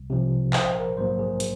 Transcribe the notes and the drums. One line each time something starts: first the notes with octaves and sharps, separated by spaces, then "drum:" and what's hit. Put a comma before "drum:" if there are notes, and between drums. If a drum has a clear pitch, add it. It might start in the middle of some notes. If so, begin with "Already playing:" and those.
Already playing: C2
C3 F3
A#1 C5, drum: clap
A#4
G#2 F#3 A#3 C5
G#4
drum: hi-hat